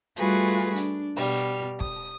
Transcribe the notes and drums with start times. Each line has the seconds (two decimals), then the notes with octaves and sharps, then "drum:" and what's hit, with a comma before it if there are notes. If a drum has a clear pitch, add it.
0.16 G3 A3 F4 F#4 G#4 B4
0.76 D4, drum: hi-hat
1.16 B2 G3 F6, drum: open hi-hat
1.81 D#6, drum: kick